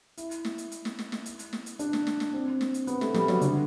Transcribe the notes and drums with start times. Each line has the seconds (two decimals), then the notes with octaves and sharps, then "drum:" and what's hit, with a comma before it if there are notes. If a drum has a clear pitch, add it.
0.17 E4, drum: hi-hat
0.31 drum: hi-hat
0.45 drum: snare
0.58 drum: hi-hat
0.72 drum: hi-hat
0.85 drum: snare
0.99 drum: snare
1.12 drum: snare
1.26 drum: hi-hat
1.39 drum: hi-hat
1.53 drum: snare
1.66 drum: hi-hat
1.79 D4, drum: hi-hat
1.93 drum: snare
2.07 drum: snare
2.20 drum: snare
2.33 C4
2.61 drum: snare
2.74 drum: hi-hat
2.87 B3, drum: hi-hat
3.01 A3, drum: snare
3.14 G3, drum: snare
3.28 F#3, drum: snare
3.41 D3, drum: hi-hat